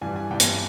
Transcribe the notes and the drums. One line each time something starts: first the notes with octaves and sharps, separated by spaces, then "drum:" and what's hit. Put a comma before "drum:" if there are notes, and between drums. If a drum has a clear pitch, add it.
G2 E3 G3 G#5
G#5
G2 E3 G3 G5
drum: hi-hat